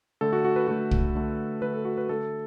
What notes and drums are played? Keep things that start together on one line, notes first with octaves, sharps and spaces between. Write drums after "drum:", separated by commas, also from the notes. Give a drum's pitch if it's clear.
D3 A3 A4
F#4
F#4
B4
D3 A3 F#4
drum: kick
D3 A3
D3 A3 B4
A4
F#4
B4
D3 A3 A4